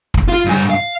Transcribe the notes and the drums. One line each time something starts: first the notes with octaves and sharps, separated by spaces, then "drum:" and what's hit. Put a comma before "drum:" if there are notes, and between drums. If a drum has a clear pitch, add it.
drum: kick
F4
G2 G#5
F5